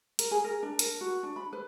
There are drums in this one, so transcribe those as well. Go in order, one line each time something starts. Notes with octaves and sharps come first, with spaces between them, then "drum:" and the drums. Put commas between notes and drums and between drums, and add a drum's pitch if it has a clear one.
A#4, drum: hi-hat
G#4
A#4
D4
A#4, drum: hi-hat
F#4
D4
B5
B4